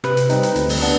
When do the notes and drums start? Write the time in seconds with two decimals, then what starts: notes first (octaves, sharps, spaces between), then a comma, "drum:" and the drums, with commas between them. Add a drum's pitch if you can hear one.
0.04 C3 B4, drum: rim click
0.17 drum: hi-hat
0.30 G3 C4 D#4, drum: hi-hat
0.43 drum: hi-hat
0.56 D2, drum: hi-hat
0.69 drum: open hi-hat
0.82 B3 D4, drum: hi-hat